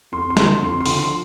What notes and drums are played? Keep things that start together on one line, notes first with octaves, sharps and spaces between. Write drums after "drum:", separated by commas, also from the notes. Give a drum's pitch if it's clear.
F2 C6
C6
D3 F3, drum: snare
C6
F2 C6
C6
D3 F3, drum: open hi-hat
C6